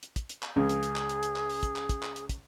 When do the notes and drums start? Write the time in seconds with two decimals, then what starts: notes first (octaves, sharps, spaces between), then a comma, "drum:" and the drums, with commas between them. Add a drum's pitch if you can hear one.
0.03 drum: hi-hat
0.16 drum: kick, hi-hat
0.29 drum: hi-hat
0.43 drum: clap
0.56 C#2 C#3 G#4
0.69 drum: hi-hat
0.83 drum: hi-hat
0.96 drum: clap
1.09 drum: hi-hat
1.23 drum: hi-hat
1.36 drum: clap
1.49 drum: open hi-hat
1.63 drum: kick, hi-hat
1.76 drum: clap
1.89 drum: kick, hi-hat
2.03 drum: clap
2.16 drum: hi-hat
2.29 drum: kick, hi-hat